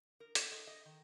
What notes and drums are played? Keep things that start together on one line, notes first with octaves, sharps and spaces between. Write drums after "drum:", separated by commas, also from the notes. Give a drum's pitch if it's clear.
A#4
A4, drum: hi-hat
D#5
D#5
D#3